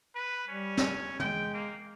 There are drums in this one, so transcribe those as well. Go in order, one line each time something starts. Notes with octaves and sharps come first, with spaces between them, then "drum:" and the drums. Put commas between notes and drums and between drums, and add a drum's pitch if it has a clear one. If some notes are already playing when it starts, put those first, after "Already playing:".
B4
G3 C#4
drum: snare
G#3 G5, drum: tom
A#3